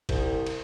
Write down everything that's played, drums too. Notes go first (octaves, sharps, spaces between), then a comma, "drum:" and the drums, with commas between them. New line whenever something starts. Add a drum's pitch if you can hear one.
C2, drum: kick, cymbal
drum: cymbal